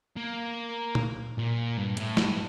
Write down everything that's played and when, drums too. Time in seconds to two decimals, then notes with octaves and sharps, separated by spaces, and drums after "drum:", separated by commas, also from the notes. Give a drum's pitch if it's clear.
0.17 A#3
0.95 drum: tom A#2
1.38 A#2
1.77 G2
1.97 A2, drum: hi-hat
2.17 G2, drum: snare